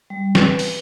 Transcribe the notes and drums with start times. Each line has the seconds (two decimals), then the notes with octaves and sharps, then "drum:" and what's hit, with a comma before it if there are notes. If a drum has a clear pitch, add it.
0.10 G3
0.35 B4, drum: snare
0.59 drum: open hi-hat